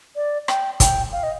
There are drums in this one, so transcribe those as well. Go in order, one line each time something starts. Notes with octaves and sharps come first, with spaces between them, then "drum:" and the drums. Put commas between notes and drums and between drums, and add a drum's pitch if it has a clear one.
D5
G5, drum: rim click
G5, drum: kick, hi-hat
F5
D#5